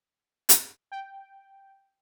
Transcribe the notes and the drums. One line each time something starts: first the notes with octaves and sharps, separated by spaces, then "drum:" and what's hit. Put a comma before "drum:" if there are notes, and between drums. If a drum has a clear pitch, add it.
drum: hi-hat
G5